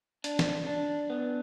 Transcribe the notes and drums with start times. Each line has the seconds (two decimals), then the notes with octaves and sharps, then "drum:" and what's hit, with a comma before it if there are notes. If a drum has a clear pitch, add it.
0.24 D4, drum: hi-hat
0.39 drum: snare
0.67 D4
1.10 B3